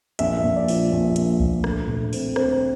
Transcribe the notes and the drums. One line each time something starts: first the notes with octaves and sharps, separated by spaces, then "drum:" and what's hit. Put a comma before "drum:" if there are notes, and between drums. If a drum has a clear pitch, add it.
A#1 E5, drum: hi-hat
A#1
D5
F3, drum: open hi-hat
A#1
A#2, drum: hi-hat
A#1, drum: kick C2
D2, drum: rim click
D2, drum: tom A2
C4, drum: open hi-hat
C4 C5, drum: rim click